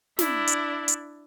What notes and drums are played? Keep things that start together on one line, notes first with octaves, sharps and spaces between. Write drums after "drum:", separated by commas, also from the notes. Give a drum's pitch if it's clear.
D4 E4, drum: snare
drum: hi-hat
drum: hi-hat